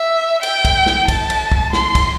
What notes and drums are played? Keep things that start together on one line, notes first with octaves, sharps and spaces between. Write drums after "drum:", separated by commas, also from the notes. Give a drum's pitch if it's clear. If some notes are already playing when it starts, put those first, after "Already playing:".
Already playing: E5
G5, drum: cymbal
drum: kick, cymbal
drum: snare
A5, drum: kick, cymbal
drum: cymbal
drum: kick
C6, drum: snare
drum: kick, cymbal